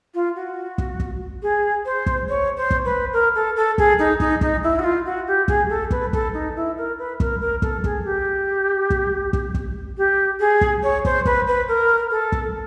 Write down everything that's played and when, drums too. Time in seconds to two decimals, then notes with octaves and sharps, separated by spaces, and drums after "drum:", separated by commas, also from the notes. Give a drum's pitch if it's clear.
0.14 F4
0.35 F#4
0.78 drum: kick
1.00 drum: kick
1.42 G#4
1.85 C5
2.06 drum: kick
2.28 C#5
2.57 C5
2.71 drum: kick
2.85 B4
3.13 A#4
3.35 A4
3.56 A4
3.78 G#4, drum: kick
3.99 D#4
4.20 D#4, drum: kick
4.41 D#4, drum: kick
4.63 E4
4.79 F#4
4.84 F4
5.05 F#4
5.27 G4
5.48 G#4, drum: kick
5.69 A4
5.91 B4, drum: kick
6.13 A4, drum: kick
6.33 D#4
6.56 E4
6.77 A#4
6.98 B4
7.20 A#4, drum: kick
7.40 A#4
7.62 A4, drum: kick
7.84 G#4, drum: kick
8.04 G4
8.90 drum: kick
9.33 drum: kick
9.54 drum: kick
9.97 G4
10.40 G#4
10.61 drum: kick
10.83 C#5
11.05 C5, drum: kick
11.25 B4, drum: kick
11.47 B4
11.68 A#4
12.10 A4
12.32 drum: kick